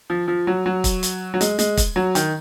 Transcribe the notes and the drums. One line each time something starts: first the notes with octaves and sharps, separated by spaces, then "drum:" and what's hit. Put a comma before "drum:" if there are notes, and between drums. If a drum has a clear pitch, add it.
F3
F3
F#3
F#3
drum: kick, hi-hat
drum: hi-hat
F#3
G#3, drum: hi-hat
G#3, drum: hi-hat
drum: kick, hi-hat
F#3
D#3, drum: hi-hat